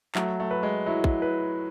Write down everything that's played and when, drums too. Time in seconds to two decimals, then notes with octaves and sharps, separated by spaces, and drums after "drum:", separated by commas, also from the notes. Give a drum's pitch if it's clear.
0.15 F#3 A3, drum: clap
0.40 A3
0.51 B4
0.63 G#3
0.86 F#3 E4
1.04 drum: kick
1.22 B4